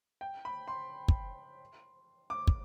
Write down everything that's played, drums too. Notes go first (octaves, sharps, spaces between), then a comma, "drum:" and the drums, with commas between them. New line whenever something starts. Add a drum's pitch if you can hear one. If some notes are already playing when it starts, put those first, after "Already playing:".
G5
B5
C6
drum: kick
D6
drum: kick